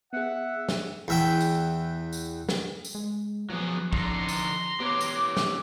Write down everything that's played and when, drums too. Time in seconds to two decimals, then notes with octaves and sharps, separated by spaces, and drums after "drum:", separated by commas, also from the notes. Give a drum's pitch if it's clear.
0.13 B3 G#4 E5 F#5
0.69 drum: snare
1.08 E2 E5 G5
1.41 drum: tambourine
2.13 drum: tambourine
2.49 drum: snare
2.85 drum: tambourine
2.95 G#3
3.50 F3 F#3 B3 G#4
3.93 D3 D#4 A4 A#5 C6, drum: kick
4.29 drum: tambourine
4.80 B3 G4 B4 C#5 D6
5.01 drum: tambourine
5.37 drum: snare